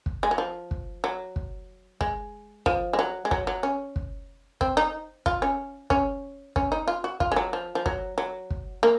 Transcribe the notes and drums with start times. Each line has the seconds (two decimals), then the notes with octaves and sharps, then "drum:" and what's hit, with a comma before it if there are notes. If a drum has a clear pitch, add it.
0.06 drum: kick
0.23 G#3
0.31 F#3
0.38 F3
0.71 drum: kick
1.04 F#3
1.36 drum: kick
2.01 G#3, drum: kick
2.66 F3, drum: kick
2.93 G#3
2.99 F#3
3.25 G#3
3.31 F#3, drum: kick
3.47 F#3
3.63 C#4
3.96 drum: kick
4.61 C4, drum: kick
4.77 D#4
5.26 F4, drum: kick
5.42 C#4
5.90 C#4, drum: kick
6.56 C#4, drum: kick
6.72 D#4
6.88 F4
7.04 F#4
7.20 F4, drum: kick
7.32 G#3
7.36 F#3
7.53 F3
7.75 F3
7.86 F#3, drum: kick
8.18 F#3
8.50 drum: kick
8.83 A#3